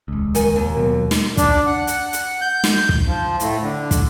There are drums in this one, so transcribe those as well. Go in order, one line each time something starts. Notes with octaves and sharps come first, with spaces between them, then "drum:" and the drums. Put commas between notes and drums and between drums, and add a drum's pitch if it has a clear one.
D#1 C#2
D#3 G#5, drum: hi-hat
D#2
B2 F#3
drum: snare
D4, drum: kick, hi-hat
F#5
drum: hi-hat
drum: hi-hat
G6
drum: snare
drum: kick
F3
A2, drum: hi-hat
D3
drum: kick, hi-hat